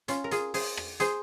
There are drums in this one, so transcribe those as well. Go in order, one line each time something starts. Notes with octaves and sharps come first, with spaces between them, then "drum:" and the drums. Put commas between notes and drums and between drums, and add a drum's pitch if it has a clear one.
C#4 F4, drum: hi-hat
A#4
F4 G#4, drum: hi-hat
G#4 C5, drum: open hi-hat
drum: rim click
G#4 C5, drum: hi-hat